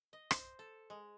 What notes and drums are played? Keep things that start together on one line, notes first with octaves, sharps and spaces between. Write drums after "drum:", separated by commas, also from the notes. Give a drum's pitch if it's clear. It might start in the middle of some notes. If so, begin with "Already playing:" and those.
D#5
C5, drum: rim click
A4
G#3